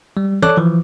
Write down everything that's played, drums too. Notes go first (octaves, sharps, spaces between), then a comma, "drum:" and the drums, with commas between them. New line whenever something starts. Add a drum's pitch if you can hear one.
G3
A4 C#5 D5 A5 D6 F#6, drum: tom
E3 F3